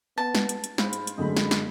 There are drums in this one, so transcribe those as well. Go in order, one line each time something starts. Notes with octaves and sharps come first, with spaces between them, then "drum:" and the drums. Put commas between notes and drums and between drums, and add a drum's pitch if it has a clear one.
B3 A5
drum: snare
drum: hi-hat
drum: hi-hat
G#2 C4 F4 B5, drum: snare
drum: hi-hat
drum: hi-hat
F#2 D3 G#3 A3 D#5 B5
drum: snare
drum: snare